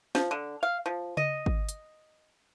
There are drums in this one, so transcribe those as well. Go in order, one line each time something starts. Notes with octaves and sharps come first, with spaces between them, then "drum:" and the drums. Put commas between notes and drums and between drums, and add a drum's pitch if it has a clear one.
F3, drum: snare
D3
F5
F3
D#5, drum: tom C#3
drum: kick
drum: hi-hat